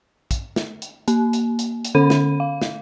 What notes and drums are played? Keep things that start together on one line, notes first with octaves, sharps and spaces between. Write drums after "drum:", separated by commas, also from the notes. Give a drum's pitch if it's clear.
drum: kick, hi-hat
drum: snare
drum: hi-hat
A#3, drum: hi-hat
drum: hi-hat
drum: hi-hat
drum: hi-hat
D3 C#4 A4 B5 D#7
drum: snare
F5
drum: snare